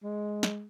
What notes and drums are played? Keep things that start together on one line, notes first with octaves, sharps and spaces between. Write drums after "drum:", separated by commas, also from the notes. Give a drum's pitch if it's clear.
G#3
drum: snare